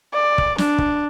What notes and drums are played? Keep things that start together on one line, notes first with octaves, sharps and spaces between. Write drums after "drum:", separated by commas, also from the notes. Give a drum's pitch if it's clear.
D5
drum: kick
D4, drum: snare
drum: kick